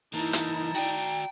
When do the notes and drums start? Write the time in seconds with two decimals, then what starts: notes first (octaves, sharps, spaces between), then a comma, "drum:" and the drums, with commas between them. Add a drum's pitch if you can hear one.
0.14 E3 A#3 D#4 E4 A5 A#5
0.33 drum: hi-hat
0.74 F#4 D5 G5